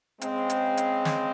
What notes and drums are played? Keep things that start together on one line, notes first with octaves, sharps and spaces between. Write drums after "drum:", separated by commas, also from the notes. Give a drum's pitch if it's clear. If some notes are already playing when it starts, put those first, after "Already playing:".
C#3 G#3 C4, drum: hi-hat
drum: hi-hat
drum: hi-hat
drum: snare